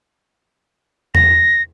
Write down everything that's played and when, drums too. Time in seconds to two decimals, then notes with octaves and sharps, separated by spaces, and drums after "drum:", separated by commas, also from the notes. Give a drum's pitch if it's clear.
1.15 A#6, drum: tom E2